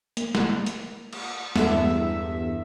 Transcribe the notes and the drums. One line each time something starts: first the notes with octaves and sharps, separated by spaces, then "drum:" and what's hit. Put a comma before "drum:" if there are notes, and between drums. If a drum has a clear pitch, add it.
A#3, drum: hi-hat
drum: snare
drum: hi-hat
drum: cymbal
E2 G2 B3 A4 E5, drum: snare